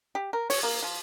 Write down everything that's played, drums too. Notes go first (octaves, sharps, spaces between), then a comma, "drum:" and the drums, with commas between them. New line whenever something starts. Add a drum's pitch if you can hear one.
G4
A#4
C#5, drum: open hi-hat
A#3
F3